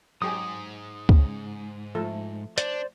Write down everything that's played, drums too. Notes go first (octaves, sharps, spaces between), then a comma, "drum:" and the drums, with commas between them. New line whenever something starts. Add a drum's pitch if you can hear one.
G#2 F#3 G4 G#4 D#6
C#3, drum: kick
F3 A3 A4
D4 C5 D5, drum: hi-hat